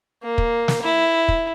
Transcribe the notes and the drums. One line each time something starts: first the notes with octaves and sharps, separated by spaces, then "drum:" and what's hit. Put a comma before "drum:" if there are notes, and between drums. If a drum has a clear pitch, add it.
A#3
drum: kick
drum: snare
E4
drum: kick